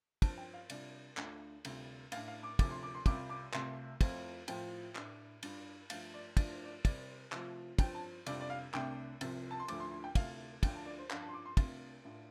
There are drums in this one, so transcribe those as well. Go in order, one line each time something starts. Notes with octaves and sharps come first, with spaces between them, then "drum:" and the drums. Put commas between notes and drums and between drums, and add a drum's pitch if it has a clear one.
G2 F3 C4 A5, drum: kick, cymbal
G5
F5
C3 G3 D4 F4 D5, drum: cymbal
D2 D3 A3 D4 F4, drum: clap
D2 C3 G3 F4, drum: cymbal
A2 A3 D4 F5, drum: cymbal
F5
D6
D2 C3 F3 D6, drum: kick, cymbal
C6
D6
C6
C2 C3 G3 F4 D6, drum: kick, cymbal
D6
C2 C3 A3 F4 C6, drum: clap
F2 F3 A3 C4 F4, drum: kick, cymbal
A2 F3 C4 F4 G5, drum: cymbal
A2 A3 D4, drum: clap
G2 G3 D4 F4, drum: cymbal
G2 F3 A3 F5, drum: cymbal
D5
G2 F3 A3 D4 F4 D5, drum: kick, cymbal
C5
D5
C3 G3 C4 D5, drum: kick, cymbal
C3 F3 A3 C4 F4, drum: clap
G2 F3 C4 G5, drum: kick, cymbal
A5
F2 C3 G3 D4 F4 D5, drum: cymbal
D5
F5
C2 C3 A3 D4 G5, drum: clap
C2 C3 F3, drum: cymbal
A5
C6
D2 D3 F3 A3 D6, drum: cymbal
C6
C6
G5
D2 C3 A3 F4 F5, drum: kick, cymbal
D2 D3 F3 D4 F4 G5, drum: kick, cymbal
A5
D5
C5
G2 F3 D4 F4 F5, drum: clap
A5
C6
D6
C6
C2 C3 A3 D4 F4 C6, drum: kick, cymbal
A2 A3 D4 F4